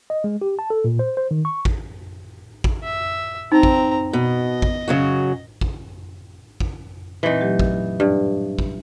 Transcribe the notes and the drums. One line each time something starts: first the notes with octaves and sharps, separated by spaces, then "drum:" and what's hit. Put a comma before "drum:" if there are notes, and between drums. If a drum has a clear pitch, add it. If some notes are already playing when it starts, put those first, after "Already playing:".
D#5
G#3
G4
A5
A4
A#2
C5
C5
D#3
C#6
drum: kick A1
drum: kick A1
E5
C4 D#4 A#5
drum: kick A1
B2 D#5
drum: kick A1
C#3 F#3 F#4
drum: kick A1
drum: kick A1
A#2 E3 C4 D#4
F#3 A3 G4
drum: kick A1
G2
drum: kick A1